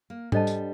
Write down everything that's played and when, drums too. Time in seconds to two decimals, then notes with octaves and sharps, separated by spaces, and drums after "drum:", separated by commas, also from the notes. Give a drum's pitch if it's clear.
0.10 A#3
0.32 G3 D4 A4 C5 D#5 A5, drum: tom G#2
0.47 drum: tambourine